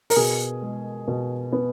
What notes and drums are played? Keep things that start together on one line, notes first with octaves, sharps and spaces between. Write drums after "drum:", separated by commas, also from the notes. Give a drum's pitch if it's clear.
A#4, drum: open hi-hat
B2 G#4
G#3
B2
B3